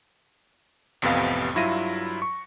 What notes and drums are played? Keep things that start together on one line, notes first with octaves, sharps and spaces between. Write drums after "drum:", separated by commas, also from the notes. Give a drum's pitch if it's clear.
A1 F2 C3 B3 F5, drum: cymbal
G2 F#3 E4 F4 A#6 D#7
C#6